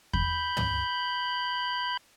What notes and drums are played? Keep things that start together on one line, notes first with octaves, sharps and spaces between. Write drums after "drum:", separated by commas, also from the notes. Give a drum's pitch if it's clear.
B5 G6, drum: kick E2
drum: tom